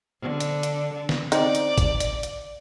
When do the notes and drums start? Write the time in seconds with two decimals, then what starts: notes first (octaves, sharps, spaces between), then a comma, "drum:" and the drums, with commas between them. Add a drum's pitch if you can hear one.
0.21 D3
0.40 drum: hi-hat
0.63 drum: hi-hat
0.94 D3
1.09 drum: snare
1.32 C4 D#4 D5, drum: hi-hat
1.55 drum: hi-hat
1.78 drum: kick, hi-hat
2.00 drum: hi-hat
2.23 drum: hi-hat